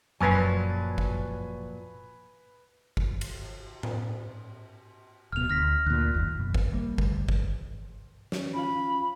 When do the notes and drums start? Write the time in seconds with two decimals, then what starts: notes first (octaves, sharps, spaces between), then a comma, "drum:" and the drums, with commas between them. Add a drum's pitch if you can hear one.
0.20 F#1 F#2 A#2 F3 F#3 B4 G#5
0.98 drum: kick G1
2.97 drum: kick G1
3.21 drum: cymbal
3.83 drum: tom A2
5.32 D1 B2 F6 F7
5.49 D2 F6 A#6 B6
5.86 D2 A#2 F#6
6.14 F#1 D#2
6.39 F#2 B2
6.54 drum: kick G1
6.73 G3 A#3
6.98 D2 G2, drum: kick G1
7.28 drum: kick G1
8.32 C#4 C#5, drum: snare
8.54 C#4 F4 F5 B5